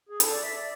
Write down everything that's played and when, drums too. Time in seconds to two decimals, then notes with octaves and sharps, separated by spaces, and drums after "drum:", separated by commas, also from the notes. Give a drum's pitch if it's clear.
0.09 G#4
0.20 A4, drum: hi-hat
0.31 D5
0.42 E5
0.54 D5